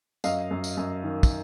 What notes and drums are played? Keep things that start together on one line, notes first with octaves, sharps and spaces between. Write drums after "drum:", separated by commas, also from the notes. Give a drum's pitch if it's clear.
F#2 D#5 F5, drum: tambourine
F#2
drum: tambourine
F#2
D#3
drum: kick, tambourine